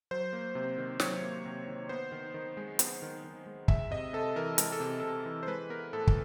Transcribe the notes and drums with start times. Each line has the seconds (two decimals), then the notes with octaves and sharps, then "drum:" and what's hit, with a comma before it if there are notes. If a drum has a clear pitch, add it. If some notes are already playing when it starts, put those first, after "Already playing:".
0.11 F#3 C5
0.33 A#3
0.55 C3
0.78 D#3
1.00 F#3 C#5, drum: snare
1.22 A#3
1.45 C3
1.68 D#3
1.89 B3 C5
2.12 D#3
2.34 D#3
2.57 G#3
2.79 B3, drum: hi-hat
3.02 D#3
3.24 D#3
3.46 G#3
3.68 G#3 E5, drum: kick
3.91 C3 D#5
4.13 C3 A4
4.36 E3 A#4
4.58 G#3 A#4, drum: hi-hat
4.72 A4
4.80 C3
5.00 C3 A4
5.26 E3
5.43 C5
5.47 G#3 B4
5.70 B3 A#4
5.93 A2 A4
6.07 drum: kick